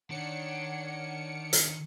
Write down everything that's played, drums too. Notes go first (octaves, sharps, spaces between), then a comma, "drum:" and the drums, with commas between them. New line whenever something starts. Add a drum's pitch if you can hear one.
D#3 D4 C#5 F#5 C#7
drum: hi-hat